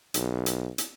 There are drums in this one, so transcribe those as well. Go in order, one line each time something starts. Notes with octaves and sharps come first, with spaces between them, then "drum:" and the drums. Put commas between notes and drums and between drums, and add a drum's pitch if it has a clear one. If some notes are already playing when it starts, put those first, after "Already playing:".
B1, drum: hi-hat
drum: hi-hat
drum: hi-hat